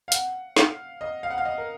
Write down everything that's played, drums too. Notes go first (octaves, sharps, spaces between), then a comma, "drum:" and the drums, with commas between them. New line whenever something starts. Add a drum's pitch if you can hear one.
F5
F#5, drum: hi-hat
F5, drum: snare
D#5
F5
F#5
F5
D#5
A#4